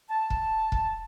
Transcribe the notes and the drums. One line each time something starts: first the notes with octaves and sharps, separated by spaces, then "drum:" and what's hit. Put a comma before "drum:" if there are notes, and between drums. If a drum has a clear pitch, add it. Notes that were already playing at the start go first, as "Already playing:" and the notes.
A5
drum: kick
drum: kick